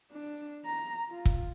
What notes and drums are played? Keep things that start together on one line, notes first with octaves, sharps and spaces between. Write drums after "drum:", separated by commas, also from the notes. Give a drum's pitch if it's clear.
D4
A#5
F4
drum: kick